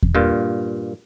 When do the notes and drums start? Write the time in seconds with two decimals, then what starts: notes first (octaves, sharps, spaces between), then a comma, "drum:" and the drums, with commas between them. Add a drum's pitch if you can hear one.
0.03 drum: kick E2
0.15 G2 A#2 F4